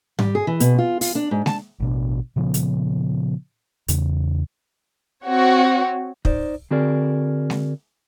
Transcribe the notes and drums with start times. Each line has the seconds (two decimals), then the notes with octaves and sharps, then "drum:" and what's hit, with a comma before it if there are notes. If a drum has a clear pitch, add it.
0.19 G3, drum: tom G#2
0.35 G#4
0.47 E3
0.60 B2, drum: hi-hat
0.78 F4
1.01 F4, drum: open hi-hat
1.15 D4
1.31 G#2
1.46 A5, drum: snare
1.80 A1 B2 D4
2.36 A#2 C#3 F3 B3
2.54 drum: hi-hat
3.88 E2 C#3, drum: hi-hat
5.26 C4 F#4 C#5
6.25 D#4 C5 D5, drum: kick
6.71 D3 C4 F#4 G#4 A#4 D5
7.50 drum: snare